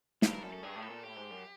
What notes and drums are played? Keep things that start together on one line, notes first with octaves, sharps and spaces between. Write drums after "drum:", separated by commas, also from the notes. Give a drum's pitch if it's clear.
G2 G4, drum: snare
A#4
F#2 A4
A4
G2 G#4
A2
A4
A#2
A2 G4
G#2
F#2